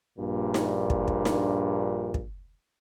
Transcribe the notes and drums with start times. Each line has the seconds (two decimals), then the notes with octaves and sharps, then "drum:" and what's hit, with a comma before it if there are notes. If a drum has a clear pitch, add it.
0.19 A#1 G2 A#2
0.54 drum: snare D#4
0.90 drum: kick
1.08 drum: kick
1.25 drum: snare D#4
2.14 drum: kick